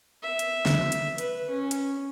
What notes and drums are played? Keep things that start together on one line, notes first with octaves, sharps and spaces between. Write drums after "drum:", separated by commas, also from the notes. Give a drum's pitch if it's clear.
E5
drum: hi-hat
drum: snare
drum: hi-hat
B4, drum: hi-hat
C#4
drum: hi-hat